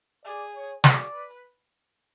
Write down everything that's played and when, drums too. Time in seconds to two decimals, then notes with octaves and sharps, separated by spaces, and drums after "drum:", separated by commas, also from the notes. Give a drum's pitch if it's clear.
0.25 G#4 D5
0.54 C#5
0.84 G#4 D5, drum: snare
1.13 B4